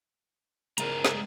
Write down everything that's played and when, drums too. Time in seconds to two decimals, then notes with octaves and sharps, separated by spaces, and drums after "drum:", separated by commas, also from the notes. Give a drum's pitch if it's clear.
0.78 C#2 G#3 A#4 D5 A#5, drum: hi-hat
1.05 drum: snare